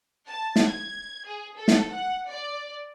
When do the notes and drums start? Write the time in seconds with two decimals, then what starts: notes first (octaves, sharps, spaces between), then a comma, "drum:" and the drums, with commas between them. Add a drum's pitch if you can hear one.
0.28 A5
0.56 drum: snare
0.66 G#6
1.26 G#4
1.57 A4
1.68 drum: snare
1.89 F#5
2.29 D5